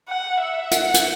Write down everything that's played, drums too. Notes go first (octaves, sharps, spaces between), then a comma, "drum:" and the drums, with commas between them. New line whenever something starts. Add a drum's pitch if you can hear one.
F#5
E5
F#5, drum: hi-hat
drum: hi-hat